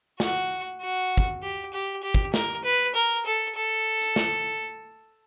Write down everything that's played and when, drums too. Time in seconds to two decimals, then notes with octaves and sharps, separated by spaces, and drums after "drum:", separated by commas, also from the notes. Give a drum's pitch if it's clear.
0.20 F#4, drum: snare
0.81 F#4
1.17 drum: kick
1.43 G4
1.73 G4
2.03 G4
2.15 drum: kick
2.34 A#4, drum: snare
2.64 B4
2.95 A#4
3.26 A4
3.56 A4
4.01 drum: hi-hat
4.16 drum: snare